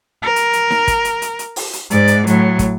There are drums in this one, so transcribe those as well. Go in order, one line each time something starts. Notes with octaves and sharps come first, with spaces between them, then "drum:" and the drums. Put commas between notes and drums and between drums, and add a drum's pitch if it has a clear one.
A#4
drum: hi-hat
drum: hi-hat
drum: snare D#4
drum: kick, hi-hat
drum: hi-hat
drum: hi-hat
drum: hi-hat
drum: open hi-hat
drum: hi-hat
G#2 D5, drum: hi-hat
drum: hi-hat
A2 F#3, drum: hi-hat
drum: kick, hi-hat